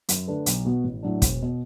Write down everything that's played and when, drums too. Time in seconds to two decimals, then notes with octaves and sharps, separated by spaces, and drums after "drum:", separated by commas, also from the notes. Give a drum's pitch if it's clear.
0.09 F#2, drum: hi-hat
0.28 D3 A3 D4 B4
0.46 B1, drum: hi-hat
0.65 B2 B3 F#4
0.84 A1
1.03 A2 F#3 D4
1.22 E1, drum: kick, hi-hat
1.42 B2